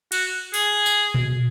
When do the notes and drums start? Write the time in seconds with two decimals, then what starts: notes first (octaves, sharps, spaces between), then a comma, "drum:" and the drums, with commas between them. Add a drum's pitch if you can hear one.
0.12 F#4, drum: cymbal
0.54 G#4, drum: open hi-hat
0.86 drum: tambourine
1.14 drum: tom A#2